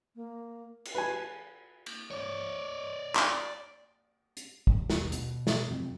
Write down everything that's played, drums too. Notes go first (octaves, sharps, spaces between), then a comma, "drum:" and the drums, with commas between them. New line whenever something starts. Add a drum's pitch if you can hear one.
A#3
drum: cymbal
B4 G#5
drum: cymbal
C#5 D5
drum: clap
drum: hi-hat
drum: kick
D#2 B2 G3, drum: snare
B2, drum: hi-hat
drum: snare
F2 C3 F#3